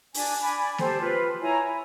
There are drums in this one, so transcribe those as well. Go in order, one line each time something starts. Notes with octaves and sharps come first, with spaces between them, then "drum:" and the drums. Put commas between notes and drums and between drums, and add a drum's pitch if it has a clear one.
D4 G#5, drum: open hi-hat
D5 G#5 B5
G4 A4 C5, drum: snare A#3
F4 B4
E4 C#5 G#5 A#5
B5